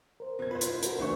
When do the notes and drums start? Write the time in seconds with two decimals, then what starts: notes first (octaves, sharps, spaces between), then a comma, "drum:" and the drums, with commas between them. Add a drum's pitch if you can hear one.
0.20 A#4 C5
0.39 B2 G#6
0.51 F4 B4 C5
0.61 drum: hi-hat
0.82 F#4 A4 A#4, drum: hi-hat
0.99 C#2 E3 A3 C4 D4 C#6